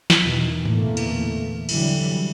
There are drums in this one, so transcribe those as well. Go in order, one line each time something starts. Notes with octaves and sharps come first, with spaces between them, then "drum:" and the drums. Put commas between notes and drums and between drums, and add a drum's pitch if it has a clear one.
drum: snare
E2 B2 D#3 E3
E2 A#2 D3 E3 A3 A#3, drum: tom G#2
drum: cymbal
D3 E3 F#3 G3, drum: cymbal